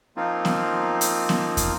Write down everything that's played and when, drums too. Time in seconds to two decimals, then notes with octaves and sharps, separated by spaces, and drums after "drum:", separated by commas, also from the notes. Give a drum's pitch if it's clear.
0.17 F3 A#3 C4 D#4 F4
0.45 drum: snare B3
1.01 drum: hi-hat
1.29 drum: snare B3
1.57 drum: kick, hi-hat